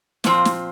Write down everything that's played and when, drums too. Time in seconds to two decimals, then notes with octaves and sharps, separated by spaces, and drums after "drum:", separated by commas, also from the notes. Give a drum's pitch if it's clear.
0.24 A#2 F3 C4, drum: snare
0.45 drum: snare